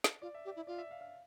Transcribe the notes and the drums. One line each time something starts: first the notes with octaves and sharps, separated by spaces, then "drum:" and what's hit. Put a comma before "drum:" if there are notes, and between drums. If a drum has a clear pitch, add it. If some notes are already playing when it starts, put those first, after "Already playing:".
drum: snare
F4 D5
E5
G4 D5
E4
F4 D5
E5
F5
F5